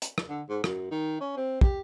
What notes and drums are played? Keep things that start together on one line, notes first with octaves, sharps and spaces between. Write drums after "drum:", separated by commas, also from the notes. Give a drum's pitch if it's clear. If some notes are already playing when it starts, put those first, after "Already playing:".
drum: hi-hat
drum: rim click
D3
G#2
F#2, drum: rim click
D#3
C#4
C4
G4, drum: kick